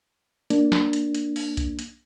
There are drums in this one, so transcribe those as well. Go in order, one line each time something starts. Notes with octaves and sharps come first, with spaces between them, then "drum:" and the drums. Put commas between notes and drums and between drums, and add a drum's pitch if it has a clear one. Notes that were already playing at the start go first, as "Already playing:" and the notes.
A#3 D4, drum: hi-hat
drum: snare
drum: hi-hat
drum: hi-hat
drum: open hi-hat
drum: kick B1, hi-hat
drum: hi-hat